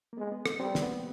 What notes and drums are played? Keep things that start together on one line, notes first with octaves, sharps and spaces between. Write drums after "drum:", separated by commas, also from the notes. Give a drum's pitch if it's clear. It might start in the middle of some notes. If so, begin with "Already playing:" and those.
A#3
G#3 B3
B3
C4, drum: rim click
G3 C4
B3
A#3, drum: snare
B3